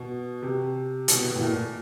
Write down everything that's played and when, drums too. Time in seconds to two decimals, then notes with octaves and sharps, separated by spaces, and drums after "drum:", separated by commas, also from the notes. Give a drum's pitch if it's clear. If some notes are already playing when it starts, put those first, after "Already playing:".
Already playing: B2
0.42 C3
1.08 B2, drum: hi-hat
1.24 B2
1.35 A2
1.41 A#2